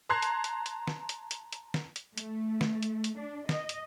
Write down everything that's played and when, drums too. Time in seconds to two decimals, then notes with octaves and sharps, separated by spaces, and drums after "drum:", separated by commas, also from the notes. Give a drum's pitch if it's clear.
0.09 A5 A#5 C6 F#6 G#6 C7
0.22 drum: hi-hat
0.44 drum: hi-hat
0.66 drum: hi-hat
0.87 drum: snare
1.09 drum: hi-hat
1.31 drum: hi-hat
1.53 drum: hi-hat
1.74 drum: snare
1.96 drum: hi-hat
2.18 A3, drum: hi-hat
2.61 drum: snare
2.83 drum: hi-hat
3.04 drum: hi-hat
3.17 D4
3.49 D#5, drum: snare
3.69 drum: hi-hat